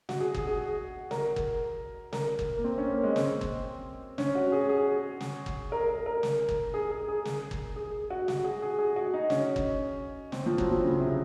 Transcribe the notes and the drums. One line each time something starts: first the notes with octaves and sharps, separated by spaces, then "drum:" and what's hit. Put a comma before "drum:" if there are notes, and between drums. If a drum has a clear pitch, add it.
F#4, drum: snare
G#4
G#4, drum: kick G1
G#4
A#4, drum: snare
drum: kick G1
A#4, drum: snare
drum: kick G1
A#3
C4
C#4
A#3
G#3
C4, drum: snare
drum: kick G1
C#4, drum: snare
F#4
G#4
G#4
drum: snare
drum: kick G1
A#4
A#4
A#4
drum: snare
drum: kick G1
G#4
G#4
G#4
drum: snare
drum: kick G1
G#4
F#4
F#4, drum: snare
G#4
G#4
G#4
F#4
D#4
C#4, drum: snare
drum: kick G1
C4, drum: snare
F3
F#3, drum: kick G1
F3
C#3
C3